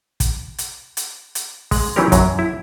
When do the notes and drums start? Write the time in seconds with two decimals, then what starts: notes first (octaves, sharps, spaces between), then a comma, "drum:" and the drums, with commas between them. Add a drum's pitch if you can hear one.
0.20 drum: kick, hi-hat
0.58 drum: hi-hat
0.97 drum: hi-hat
1.35 drum: hi-hat
1.71 G#3, drum: kick, open hi-hat
1.96 E3 F#3 C#4 D#4 G4 A#4
2.12 F#2 F#3, drum: kick, hi-hat
2.39 E4